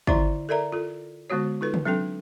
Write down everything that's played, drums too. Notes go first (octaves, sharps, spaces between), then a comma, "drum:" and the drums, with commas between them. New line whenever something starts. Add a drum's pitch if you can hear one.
D3 E4 D5 E5 A#5 C6, drum: kick
A4 A#4 D5 E5 A#5
F4 A4
D3 G#3 B3 F#4 C#5
D#4 F4 A4 B4
drum: tom
F#3 C4 D4 A4 G5